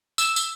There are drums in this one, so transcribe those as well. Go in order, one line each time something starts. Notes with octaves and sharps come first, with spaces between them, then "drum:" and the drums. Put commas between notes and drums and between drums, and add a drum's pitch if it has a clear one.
E6, drum: tambourine
drum: tambourine